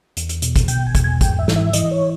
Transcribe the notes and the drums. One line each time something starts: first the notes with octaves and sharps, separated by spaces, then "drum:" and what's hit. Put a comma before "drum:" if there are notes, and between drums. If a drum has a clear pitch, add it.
E2, drum: hi-hat
drum: hi-hat
B2, drum: hi-hat
drum: kick, hi-hat
B2 G5, drum: hi-hat
G#5
E2, drum: kick, hi-hat
G#5
G#2 G5, drum: kick, hi-hat
E5
E3, drum: snare
E5
E3 D#5, drum: hi-hat
C#5